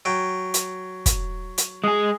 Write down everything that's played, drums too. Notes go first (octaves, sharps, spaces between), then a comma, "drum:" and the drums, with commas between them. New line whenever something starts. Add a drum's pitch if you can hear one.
F#3 G5
drum: hi-hat
drum: kick, hi-hat
drum: hi-hat
G#3 G#4 D#6